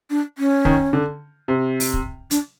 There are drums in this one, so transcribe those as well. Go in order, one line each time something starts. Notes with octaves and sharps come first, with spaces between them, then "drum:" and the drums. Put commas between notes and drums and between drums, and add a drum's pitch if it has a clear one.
D4
C#4
D#3, drum: kick
D3
C3
drum: open hi-hat
drum: kick
D4, drum: hi-hat